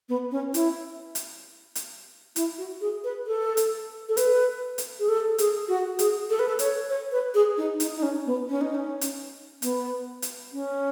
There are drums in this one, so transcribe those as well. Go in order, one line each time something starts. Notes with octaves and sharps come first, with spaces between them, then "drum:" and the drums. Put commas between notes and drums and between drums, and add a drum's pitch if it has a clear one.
B3
C#4
E4, drum: hi-hat
drum: hi-hat
drum: hi-hat
E4, drum: hi-hat
F#4
G#4
B4
A4
drum: hi-hat
A4
B4, drum: hi-hat
drum: hi-hat
G#4
A4
G#4, drum: hi-hat
F#4
G#4, drum: hi-hat
A4
B4
A4
C#5, drum: hi-hat
C#5
B4
G#4
D#4
D#4, drum: hi-hat
D#4
C#4
B3
C#4
D#4
C#4
drum: hi-hat
B3, drum: hi-hat
drum: hi-hat
C#4